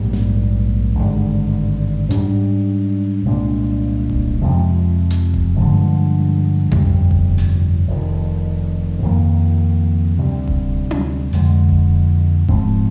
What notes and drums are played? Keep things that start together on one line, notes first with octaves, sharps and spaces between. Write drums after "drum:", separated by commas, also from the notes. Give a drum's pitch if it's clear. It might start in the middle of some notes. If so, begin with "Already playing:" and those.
Already playing: A#1 G#2 G3 A#3
drum: snare
G#1 G2 D3
G#2 G3 D4, drum: hi-hat
C2 A#2 G#3 D4
drum: kick D#1
F2 C3 F3 G#3
drum: hi-hat
drum: kick D#1
G2 D3 F3 G#3
G1 F2 C3 G3, drum: tom F#2
drum: kick D#1
drum: open hi-hat
F1 F2 D#3
F2 D#3 A#3
D2 C3 G3
drum: kick D#1
drum: tom C#4
F2 D3 G#3, drum: open hi-hat
drum: kick D#1
G#2 F3 C4, drum: kick D#1